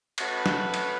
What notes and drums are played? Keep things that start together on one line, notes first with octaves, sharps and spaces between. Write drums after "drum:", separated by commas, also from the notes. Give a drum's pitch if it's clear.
A3 C#4 F#4 B4, drum: cymbal
drum: snare
drum: cymbal